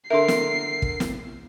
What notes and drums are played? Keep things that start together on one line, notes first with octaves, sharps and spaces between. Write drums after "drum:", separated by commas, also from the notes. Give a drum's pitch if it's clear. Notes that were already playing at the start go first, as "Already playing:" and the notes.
D3 A#4 E5 C6 C7
drum: snare
drum: kick
drum: snare